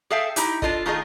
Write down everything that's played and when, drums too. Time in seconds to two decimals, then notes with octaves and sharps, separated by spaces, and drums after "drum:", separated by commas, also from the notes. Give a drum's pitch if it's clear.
0.10 G#4 A4 E5 F5 G5
0.36 D#4 E4 G4, drum: hi-hat
0.62 D4 F4 A4 D#5, drum: kick
0.86 D#3 A3 F4 G#4 A#4 D#5